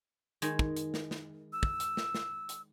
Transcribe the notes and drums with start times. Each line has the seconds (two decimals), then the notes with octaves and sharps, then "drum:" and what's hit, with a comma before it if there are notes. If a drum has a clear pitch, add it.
0.42 D#3 G#3, drum: hi-hat
0.59 drum: kick
0.77 drum: hi-hat
0.94 drum: snare
1.11 drum: snare
1.53 E6
1.63 drum: kick
1.80 drum: hi-hat
1.97 drum: snare
2.15 drum: snare
2.49 drum: hi-hat